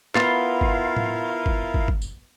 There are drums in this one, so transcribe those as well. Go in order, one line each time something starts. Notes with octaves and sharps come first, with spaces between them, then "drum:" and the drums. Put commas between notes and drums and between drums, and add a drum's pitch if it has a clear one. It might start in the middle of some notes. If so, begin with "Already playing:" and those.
B3 E4 F4 A#4 F5, drum: clap
drum: kick
drum: tom
drum: kick
drum: kick
drum: kick
drum: tambourine